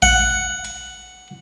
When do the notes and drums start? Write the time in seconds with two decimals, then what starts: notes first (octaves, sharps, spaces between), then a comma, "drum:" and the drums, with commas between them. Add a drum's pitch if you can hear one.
0.02 F#5, drum: kick A#1
0.64 drum: hi-hat